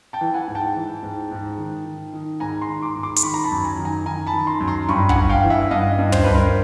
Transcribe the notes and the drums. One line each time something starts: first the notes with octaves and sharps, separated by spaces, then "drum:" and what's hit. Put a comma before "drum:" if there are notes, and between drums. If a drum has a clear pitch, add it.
G5 A5
E3
F#5 G#5
G#2
G5 A5
E3
G#2
G#2
D#3
D#3
D#3
G#2 G#5 A#5
A#5 C6
D#3
C6 D6
G#2
C6 D6
C6, drum: hi-hat
D#3 B5 C#6
A#5
A5 B5
F#2
G#5 A#5
D#3
G#5 A#5
D#3 G#5 A#5
A5 B5
D#3
A#5 C6
F#2
A#5 C6
G2 B5 C#6
F#5 G#5, drum: kick
G2
F5 G5
E3
E5 F#5
G2 D#5 F5
G2
C5, drum: tom
G2 B4
A#4 C5